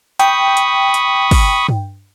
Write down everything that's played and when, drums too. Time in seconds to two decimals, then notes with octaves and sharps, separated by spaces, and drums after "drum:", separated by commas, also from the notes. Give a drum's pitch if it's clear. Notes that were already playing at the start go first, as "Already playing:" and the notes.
0.20 G5 B5 C#6 D#6, drum: hi-hat
0.57 drum: hi-hat
0.94 drum: hi-hat
1.31 drum: kick, open hi-hat
1.69 drum: tom G2